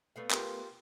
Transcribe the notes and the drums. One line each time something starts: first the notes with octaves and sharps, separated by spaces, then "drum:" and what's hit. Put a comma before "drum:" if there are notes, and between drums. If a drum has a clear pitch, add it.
A3 B3 F5
F4 G4 A#4, drum: clap